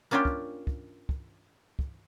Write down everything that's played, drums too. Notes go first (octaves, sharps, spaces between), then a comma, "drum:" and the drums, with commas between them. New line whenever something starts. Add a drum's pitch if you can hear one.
A#3 C#4 D4 F4 G4
drum: kick
drum: kick
drum: kick
drum: kick